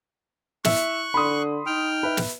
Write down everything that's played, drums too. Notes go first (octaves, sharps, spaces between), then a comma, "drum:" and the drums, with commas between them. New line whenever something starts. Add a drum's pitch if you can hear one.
E4 E5 C#6 F#6, drum: snare
D3 B5 C6 D#6
D#4 G5 F6
B4 E5
drum: snare